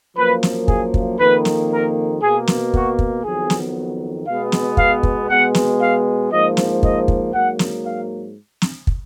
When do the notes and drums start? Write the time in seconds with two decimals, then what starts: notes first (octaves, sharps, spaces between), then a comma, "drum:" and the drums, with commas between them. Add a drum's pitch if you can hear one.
0.17 F#2 F3 A#3 B4
0.43 drum: snare
0.68 G#4, drum: kick
0.94 drum: kick
1.19 F2 D#3 A#3 B4
1.45 drum: snare
1.70 A#4
2.22 B2 A#3 G#4
2.47 drum: snare
2.74 F#4, drum: kick
2.99 drum: kick
3.24 F2 D#3 F#3 B3 G#4
3.50 drum: snare
4.26 B2 G#3 B3 F5
4.52 drum: snare
4.77 F5, drum: kick
5.03 drum: kick
5.29 B2 G#3 B3 F#5
5.55 drum: snare
5.80 F5
6.31 G#2 F3 A#3 D#5
6.57 drum: snare
6.83 D#5, drum: kick
7.08 drum: kick
7.33 G#2 F#3 A#3 F#5
7.59 drum: snare
7.85 F5
8.62 drum: snare
8.87 drum: kick